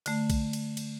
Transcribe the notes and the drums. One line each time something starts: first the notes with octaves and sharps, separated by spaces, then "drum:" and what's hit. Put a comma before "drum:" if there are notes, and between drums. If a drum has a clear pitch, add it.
D3 A3, drum: cymbal
drum: kick, cymbal
drum: cymbal
drum: cymbal